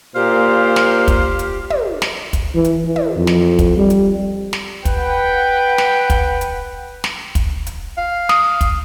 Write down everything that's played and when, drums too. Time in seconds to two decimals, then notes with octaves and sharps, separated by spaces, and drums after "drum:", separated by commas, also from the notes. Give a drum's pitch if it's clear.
0.15 A#2 G4 C5 F5
0.76 drum: snare
1.08 drum: kick, hi-hat
1.39 drum: hi-hat
1.70 drum: tom
2.02 drum: snare
2.33 drum: kick, hi-hat
2.55 E3
2.64 drum: hi-hat
2.85 E3
2.96 drum: tom
3.16 F2
3.27 drum: snare
3.59 drum: kick, hi-hat
3.77 G3
3.90 drum: hi-hat
4.53 drum: snare
4.85 B4 F#5 G5, drum: kick, hi-hat
5.78 drum: snare
6.10 drum: kick, hi-hat
6.41 drum: hi-hat
7.04 drum: snare
7.35 drum: kick, hi-hat
7.67 drum: hi-hat
7.97 F5
8.29 D#6, drum: snare
8.61 drum: kick, hi-hat